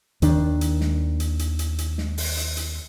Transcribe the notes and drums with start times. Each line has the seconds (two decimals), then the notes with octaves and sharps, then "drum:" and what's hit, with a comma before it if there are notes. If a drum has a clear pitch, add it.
0.22 D#2 D#3 D4, drum: hi-hat
0.61 drum: hi-hat
0.81 drum: snare
1.20 drum: hi-hat
1.39 drum: hi-hat
1.59 drum: hi-hat
1.78 drum: hi-hat
1.98 drum: snare
2.18 drum: open hi-hat
2.37 drum: hi-hat
2.57 drum: hi-hat